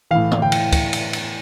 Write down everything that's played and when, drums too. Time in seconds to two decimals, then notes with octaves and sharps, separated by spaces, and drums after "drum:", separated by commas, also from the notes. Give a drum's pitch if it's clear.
0.11 A2 E3 F5
0.31 drum: tom
0.42 G5
0.52 drum: cymbal
0.72 drum: kick C#2, cymbal
0.93 drum: cymbal
1.13 drum: cymbal